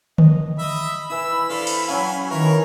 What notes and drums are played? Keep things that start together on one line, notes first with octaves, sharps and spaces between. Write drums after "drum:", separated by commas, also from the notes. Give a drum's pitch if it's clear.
D#5, drum: tom D3
D#5 E5 B5
E3 E4 E6
D4 A4 C5 F5
drum: cymbal
F#3 C#4 F5 G#5
D#3 E3 A#4 C#5